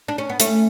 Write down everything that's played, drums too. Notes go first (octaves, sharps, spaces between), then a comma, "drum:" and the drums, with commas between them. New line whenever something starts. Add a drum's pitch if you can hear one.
D4
C#4
B3
A3 C#4, drum: hi-hat